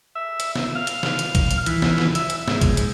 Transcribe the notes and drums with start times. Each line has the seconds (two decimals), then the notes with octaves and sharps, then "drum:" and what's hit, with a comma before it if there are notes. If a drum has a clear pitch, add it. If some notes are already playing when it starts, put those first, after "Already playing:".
0.15 E5
0.40 drum: hi-hat
0.56 drum: snare
0.75 F5
0.87 drum: hi-hat
1.03 drum: snare
1.19 drum: hi-hat
1.35 drum: kick, hi-hat
1.51 drum: hi-hat
1.66 E3, drum: hi-hat
1.82 drum: snare
1.98 drum: snare
2.15 E5, drum: hi-hat
2.30 drum: hi-hat
2.48 G#2, drum: snare
2.61 drum: kick, hi-hat
2.77 drum: hi-hat